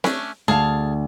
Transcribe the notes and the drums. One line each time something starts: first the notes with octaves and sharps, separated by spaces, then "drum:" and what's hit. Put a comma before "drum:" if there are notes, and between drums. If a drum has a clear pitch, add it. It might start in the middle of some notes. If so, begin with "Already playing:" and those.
A3 C#4 D4, drum: snare C4
D2 G#4 F5 A5